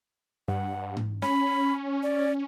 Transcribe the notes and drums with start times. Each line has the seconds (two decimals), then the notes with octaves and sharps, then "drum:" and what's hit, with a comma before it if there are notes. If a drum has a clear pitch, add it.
0.48 G2 F#5
0.97 drum: tom G#2
1.22 C#4 B5, drum: snare
2.03 D5